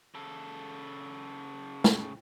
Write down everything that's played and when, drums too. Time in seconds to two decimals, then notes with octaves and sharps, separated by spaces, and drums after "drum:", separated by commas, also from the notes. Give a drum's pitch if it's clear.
0.15 C#3 A4
1.84 drum: snare